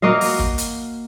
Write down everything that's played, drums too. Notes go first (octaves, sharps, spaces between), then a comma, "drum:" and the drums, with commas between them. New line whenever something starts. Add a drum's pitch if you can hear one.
A#3 F#4 D#5 F5
drum: open hi-hat
drum: kick
drum: hi-hat